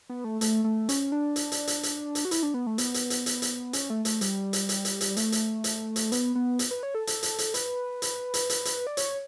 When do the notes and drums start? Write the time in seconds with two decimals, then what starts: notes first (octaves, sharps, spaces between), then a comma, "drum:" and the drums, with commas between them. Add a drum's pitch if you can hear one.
0.09 B3
0.24 A3
0.41 A3, drum: hi-hat
0.64 A3
0.89 C#4, drum: hi-hat
1.12 D4
1.36 drum: hi-hat
1.52 drum: hi-hat
1.67 drum: hi-hat
1.83 drum: hi-hat
2.15 drum: hi-hat
2.25 F#4
2.31 E4, drum: hi-hat
2.43 D4
2.54 B3
2.66 A3
2.78 B3, drum: hi-hat
2.94 drum: hi-hat
3.10 drum: hi-hat
3.26 drum: hi-hat
3.42 drum: hi-hat
3.73 C#4, drum: hi-hat
3.90 A3
4.05 A3, drum: hi-hat
4.21 G3, drum: hi-hat
4.53 drum: hi-hat
4.69 drum: hi-hat
4.85 drum: hi-hat
5.01 drum: hi-hat
5.17 A3, drum: hi-hat
5.32 drum: hi-hat
5.64 drum: hi-hat
5.96 drum: hi-hat
6.12 B3, drum: hi-hat
6.35 B3
6.59 drum: hi-hat
6.71 B4
6.83 C#5
6.95 A4
7.07 A4, drum: hi-hat
7.23 drum: hi-hat
7.38 drum: hi-hat
7.54 B4, drum: hi-hat
8.02 drum: hi-hat
8.34 drum: hi-hat
8.49 drum: hi-hat
8.65 drum: hi-hat
8.87 D5
8.97 C#5, drum: hi-hat